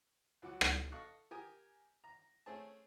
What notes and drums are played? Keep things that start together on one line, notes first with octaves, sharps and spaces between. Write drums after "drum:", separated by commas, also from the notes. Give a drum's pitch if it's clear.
C#2 F#3 F#4 F#5 D6
C3 E4, drum: rim click
A4 D#5 F5 C#6 F#6
G4 A#4 G#5 D#6
A#5
A3 C4 C#4 G#4 A5